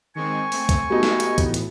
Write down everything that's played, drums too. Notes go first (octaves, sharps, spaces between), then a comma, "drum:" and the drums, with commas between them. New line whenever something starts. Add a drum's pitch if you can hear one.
D#3 G#3 C4 G#5 C#6
A3 C4, drum: open hi-hat
drum: kick, hi-hat
G3 A3 B3 D#4 F#4 A4
drum: snare
drum: hi-hat
A2 E3, drum: kick, hi-hat
drum: hi-hat